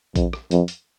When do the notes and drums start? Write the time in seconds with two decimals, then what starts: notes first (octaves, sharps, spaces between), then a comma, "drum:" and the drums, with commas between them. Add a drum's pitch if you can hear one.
0.16 F2, drum: kick A#1, hi-hat
0.33 drum: rim click
0.51 F2, drum: hi-hat
0.68 drum: hi-hat